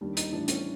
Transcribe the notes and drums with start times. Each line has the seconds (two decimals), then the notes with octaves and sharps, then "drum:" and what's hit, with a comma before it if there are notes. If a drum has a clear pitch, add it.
0.01 D#2 D#3 G3 D4
0.17 D#4, drum: hi-hat
0.32 A2 E3 G3 D4
0.48 C#4, drum: hi-hat